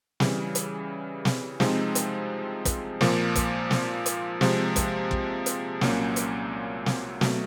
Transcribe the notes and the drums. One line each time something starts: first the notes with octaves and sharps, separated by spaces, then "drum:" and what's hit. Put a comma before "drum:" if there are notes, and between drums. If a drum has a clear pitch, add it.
C#3 E3 G3, drum: snare
drum: hi-hat
drum: snare
C3 F3 G#3 C4 D#4, drum: snare
drum: hi-hat
drum: kick, hi-hat
A#2 F3 A#3, drum: snare
drum: kick, hi-hat
drum: snare
drum: hi-hat
C3 F3 G#3, drum: snare
drum: kick, hi-hat
drum: kick
drum: hi-hat
C2 A#2 F#3 A#3 C#4, drum: snare
drum: hi-hat
drum: snare
B2 F#3 A3, drum: snare